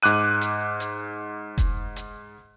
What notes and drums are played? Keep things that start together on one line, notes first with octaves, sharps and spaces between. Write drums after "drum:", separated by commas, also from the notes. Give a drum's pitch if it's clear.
G#2 D6 F#6 D#7
drum: hi-hat
drum: hi-hat
drum: kick F1, hi-hat
drum: hi-hat